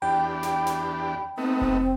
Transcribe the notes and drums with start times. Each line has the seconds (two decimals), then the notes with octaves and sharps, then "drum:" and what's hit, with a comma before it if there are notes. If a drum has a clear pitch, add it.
0.02 E2 D4 G4 G5 B5
0.43 drum: snare
0.67 drum: snare
1.38 A3 B3 C4 D#4
1.61 drum: kick F1